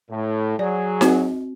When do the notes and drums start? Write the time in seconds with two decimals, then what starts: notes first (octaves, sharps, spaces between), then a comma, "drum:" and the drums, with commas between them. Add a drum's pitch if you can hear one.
0.10 A2
0.59 F#3 G#4 D5
1.01 C4 F#4, drum: snare D#4